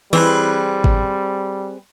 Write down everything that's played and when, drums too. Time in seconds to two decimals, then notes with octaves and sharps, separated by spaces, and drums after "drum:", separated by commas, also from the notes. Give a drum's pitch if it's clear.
0.13 E3 G3 C4 G#4 B4, drum: cymbal
0.84 drum: kick G#1